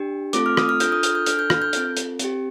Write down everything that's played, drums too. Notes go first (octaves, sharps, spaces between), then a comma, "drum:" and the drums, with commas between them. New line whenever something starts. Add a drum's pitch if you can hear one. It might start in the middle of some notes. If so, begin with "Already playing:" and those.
Already playing: D4 G4
A3 C4 F4 A4 D6, drum: hi-hat
F6
D#6, drum: rim click
F6
D4 F4 A4 G6, drum: hi-hat
D#6
F6, drum: hi-hat
G6
D4 A4 F6, drum: hi-hat
G6
F6, drum: rim click
G6
C4 F4 A4, drum: hi-hat
drum: hi-hat
C4 G4, drum: hi-hat